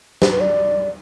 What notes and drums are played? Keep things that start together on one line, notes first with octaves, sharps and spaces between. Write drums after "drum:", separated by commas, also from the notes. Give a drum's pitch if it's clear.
C5, drum: snare
B4
D5